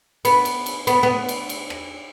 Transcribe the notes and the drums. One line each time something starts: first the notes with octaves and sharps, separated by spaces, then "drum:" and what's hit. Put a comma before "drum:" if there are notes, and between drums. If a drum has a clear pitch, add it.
B3, drum: cymbal
drum: cymbal
drum: cymbal
B3, drum: cymbal
B3
drum: cymbal
drum: cymbal
drum: rim click